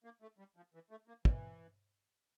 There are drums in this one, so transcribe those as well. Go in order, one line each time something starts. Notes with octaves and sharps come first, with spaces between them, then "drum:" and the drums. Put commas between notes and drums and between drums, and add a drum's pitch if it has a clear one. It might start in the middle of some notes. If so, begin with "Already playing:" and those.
A#3
A3
G3
F3
E3
A3
A#3
E3, drum: kick